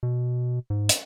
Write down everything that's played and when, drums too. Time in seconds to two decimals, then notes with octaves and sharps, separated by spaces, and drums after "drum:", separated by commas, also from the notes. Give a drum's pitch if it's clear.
0.03 B2
0.70 G#2
0.89 drum: hi-hat